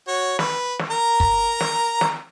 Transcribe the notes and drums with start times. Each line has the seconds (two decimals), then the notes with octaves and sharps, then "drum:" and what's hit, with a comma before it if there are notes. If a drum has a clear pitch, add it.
0.08 F#4 C#5
0.39 B4, drum: snare
0.79 drum: snare
0.91 A#4 A#5
1.20 drum: kick
1.61 drum: snare
2.01 drum: snare